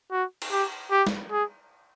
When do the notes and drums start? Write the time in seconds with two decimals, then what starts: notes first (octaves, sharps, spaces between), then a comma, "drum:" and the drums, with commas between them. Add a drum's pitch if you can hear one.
0.11 F#4
0.42 drum: cymbal
0.51 G4
0.91 G4
1.07 drum: snare
1.31 G#4